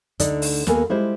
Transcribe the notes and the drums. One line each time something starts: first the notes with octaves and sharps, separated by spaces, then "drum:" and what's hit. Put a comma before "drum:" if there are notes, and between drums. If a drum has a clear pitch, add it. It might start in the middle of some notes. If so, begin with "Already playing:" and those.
D2 D3 D4 D#4 D5, drum: hi-hat
drum: open hi-hat
D#2 A#3 B3 A4 A#4 G#5, drum: snare
G3 G#3 E4 F4 G4 C5